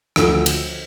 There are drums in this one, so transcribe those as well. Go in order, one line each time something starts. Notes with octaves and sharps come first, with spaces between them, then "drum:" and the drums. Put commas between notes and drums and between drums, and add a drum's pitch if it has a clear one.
D2 D3 F3, drum: rim click
drum: cymbal